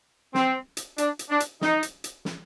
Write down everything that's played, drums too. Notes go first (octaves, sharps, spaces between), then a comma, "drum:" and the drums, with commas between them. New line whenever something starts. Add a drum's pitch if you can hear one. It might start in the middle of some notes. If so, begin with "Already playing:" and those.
C4, drum: snare
drum: hi-hat
D4, drum: hi-hat
drum: hi-hat
D4
drum: hi-hat
D#4, drum: snare
drum: hi-hat
drum: hi-hat
drum: snare